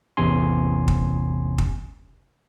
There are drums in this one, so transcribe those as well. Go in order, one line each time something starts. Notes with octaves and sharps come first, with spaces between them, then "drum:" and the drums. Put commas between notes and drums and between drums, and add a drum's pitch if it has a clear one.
A1 E2 C3 C#4 G#5 C6
drum: kick
drum: kick